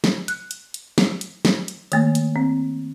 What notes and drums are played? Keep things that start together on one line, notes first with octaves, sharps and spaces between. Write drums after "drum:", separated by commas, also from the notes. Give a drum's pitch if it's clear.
drum: snare
F#6, drum: hi-hat
drum: hi-hat
drum: hi-hat
drum: snare
drum: hi-hat
drum: snare
drum: hi-hat
D#3 A3 A#3, drum: hi-hat
drum: hi-hat
C4